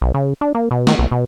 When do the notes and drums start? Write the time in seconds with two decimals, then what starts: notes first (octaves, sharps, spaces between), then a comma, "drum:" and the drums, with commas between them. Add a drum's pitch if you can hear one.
0.02 B1
0.14 C#3
0.41 D4
0.55 A#3
0.71 B2
0.87 D#3, drum: snare
0.99 B1
1.11 B2